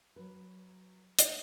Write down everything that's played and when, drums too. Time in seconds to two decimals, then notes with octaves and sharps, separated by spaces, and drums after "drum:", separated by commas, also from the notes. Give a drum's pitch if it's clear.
0.16 F#3 B4
1.19 drum: hi-hat